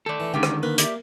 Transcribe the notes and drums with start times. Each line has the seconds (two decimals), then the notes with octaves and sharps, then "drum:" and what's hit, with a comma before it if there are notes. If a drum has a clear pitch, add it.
0.06 D#3 A3 A4 D5
0.20 E3
0.34 C#2 D3 D#3 A#3 G4 G5
0.43 drum: rim click
0.63 A#3 B4
0.78 G4 D5 E5, drum: hi-hat